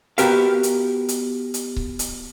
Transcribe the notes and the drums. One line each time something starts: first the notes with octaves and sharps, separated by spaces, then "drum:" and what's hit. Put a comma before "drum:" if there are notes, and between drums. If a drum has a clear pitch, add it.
B3 F#4 G4 A#4 E5 F5, drum: hi-hat
drum: hi-hat
drum: hi-hat
drum: hi-hat
drum: kick C#1
drum: hi-hat